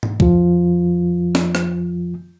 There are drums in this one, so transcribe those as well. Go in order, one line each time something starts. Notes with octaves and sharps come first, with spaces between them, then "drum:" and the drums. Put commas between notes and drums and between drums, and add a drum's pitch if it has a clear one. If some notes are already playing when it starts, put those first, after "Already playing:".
drum: tom G#2
F2 F3 F4, drum: kick
drum: snare
drum: rim click